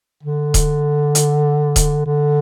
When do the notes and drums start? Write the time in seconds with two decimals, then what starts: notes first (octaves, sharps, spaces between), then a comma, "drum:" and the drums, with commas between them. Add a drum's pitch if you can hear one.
0.23 D3
0.54 drum: kick D#1, hi-hat
1.15 drum: hi-hat
1.76 drum: kick D#1, hi-hat
2.06 D3